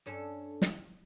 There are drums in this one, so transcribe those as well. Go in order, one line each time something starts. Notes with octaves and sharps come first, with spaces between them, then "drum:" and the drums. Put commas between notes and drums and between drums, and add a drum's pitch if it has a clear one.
G2 C#4 A4
drum: snare